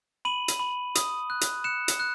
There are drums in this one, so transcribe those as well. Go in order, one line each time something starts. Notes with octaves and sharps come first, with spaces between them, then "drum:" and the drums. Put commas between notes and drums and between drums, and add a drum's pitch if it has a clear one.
B5 D#7 F#7
drum: hi-hat
B5
D#6, drum: hi-hat
F#6
drum: hi-hat
F#6 C#7 E7
drum: hi-hat
F#6